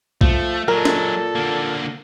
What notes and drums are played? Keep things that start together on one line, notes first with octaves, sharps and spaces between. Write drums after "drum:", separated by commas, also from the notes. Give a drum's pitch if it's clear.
F3 A3, drum: kick B1
A#2 F#3 G#3 A4 A#4
drum: snare
D3 A#3